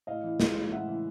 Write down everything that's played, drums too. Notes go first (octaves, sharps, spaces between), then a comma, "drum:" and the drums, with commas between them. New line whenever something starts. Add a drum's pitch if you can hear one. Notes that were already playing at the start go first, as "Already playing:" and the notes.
A2 D#5 F5
E3
G#3, drum: snare
A2
A2 E5 F#5
E3